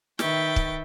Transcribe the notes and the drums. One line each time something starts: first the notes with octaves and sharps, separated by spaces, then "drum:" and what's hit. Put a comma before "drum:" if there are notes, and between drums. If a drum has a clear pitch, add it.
D#3 B4 E5 G5 C#6 A6, drum: snare
drum: kick